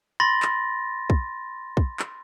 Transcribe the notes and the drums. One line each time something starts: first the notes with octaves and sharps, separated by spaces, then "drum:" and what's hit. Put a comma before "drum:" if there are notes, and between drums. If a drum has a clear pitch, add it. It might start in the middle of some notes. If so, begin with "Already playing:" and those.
B5 C6 A6 A#6
drum: clap
drum: kick
drum: kick
drum: clap